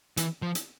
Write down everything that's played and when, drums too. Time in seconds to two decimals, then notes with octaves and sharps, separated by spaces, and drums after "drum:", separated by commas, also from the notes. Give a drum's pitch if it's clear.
0.17 E3, drum: hi-hat
0.42 F3
0.55 drum: hi-hat